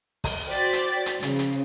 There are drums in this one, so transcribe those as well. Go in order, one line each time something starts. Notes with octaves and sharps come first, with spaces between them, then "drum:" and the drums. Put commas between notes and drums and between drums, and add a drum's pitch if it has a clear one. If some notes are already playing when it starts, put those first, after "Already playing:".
drum: kick, open hi-hat
F#4 C5 D5 G5 A6 B6
drum: hi-hat
drum: hi-hat
C#3 F3, drum: hi-hat
drum: hi-hat